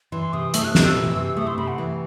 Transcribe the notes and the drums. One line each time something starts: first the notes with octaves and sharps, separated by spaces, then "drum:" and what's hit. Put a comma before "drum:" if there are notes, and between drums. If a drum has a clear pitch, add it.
E3 C6
C3 D#6
A3 E6, drum: hi-hat
F#6
C3 F#6, drum: snare
E6
E3
C3
A3 D#6
C6
C3 B5
F#5
E3